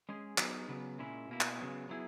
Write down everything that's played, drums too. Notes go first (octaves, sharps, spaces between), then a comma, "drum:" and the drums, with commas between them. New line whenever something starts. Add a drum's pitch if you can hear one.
G#3 C#4 G#4
F#3 B3 D#4 G#4, drum: clap
C#3 F#3 B3
A#2 G#3 C#4 E4
B2 A#3 E4
drum: clap
C#3 F#3 B3
F#3 B3 E4 G#4